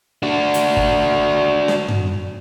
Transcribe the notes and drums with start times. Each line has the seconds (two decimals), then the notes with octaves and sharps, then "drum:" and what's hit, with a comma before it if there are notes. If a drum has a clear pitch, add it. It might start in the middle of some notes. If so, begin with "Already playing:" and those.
0.23 D4 F#4
0.54 drum: hi-hat
0.77 drum: kick
1.68 drum: snare
1.88 drum: tom